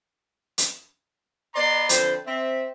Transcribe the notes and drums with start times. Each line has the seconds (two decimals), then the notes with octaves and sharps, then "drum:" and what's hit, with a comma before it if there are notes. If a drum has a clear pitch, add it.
0.58 drum: hi-hat
1.55 B3 B4 D5 D#5 A#5 C6
1.89 D3 F3 C4 B4 C5, drum: hi-hat
2.27 C4 E5